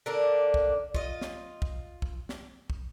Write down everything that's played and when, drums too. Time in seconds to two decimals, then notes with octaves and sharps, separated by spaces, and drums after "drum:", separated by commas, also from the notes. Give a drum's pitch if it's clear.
0.06 D3 A#3 D4
0.54 drum: kick
0.95 F4 D#5, drum: kick
1.21 drum: snare
1.62 drum: kick
2.02 drum: kick
2.29 drum: snare
2.70 drum: kick